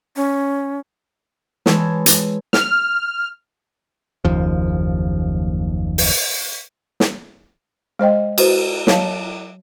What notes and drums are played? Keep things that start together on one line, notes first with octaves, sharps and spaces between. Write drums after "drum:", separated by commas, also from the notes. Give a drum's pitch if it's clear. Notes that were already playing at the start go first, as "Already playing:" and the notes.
C#4
E3 G#3 C#5 A5, drum: snare
drum: hi-hat
F6, drum: snare
F#1 D#2 F3
drum: open hi-hat
drum: snare
G#3 C5 D#5 G5
F#4 B4 C5, drum: cymbal
F#3 C#5 F5 A5, drum: snare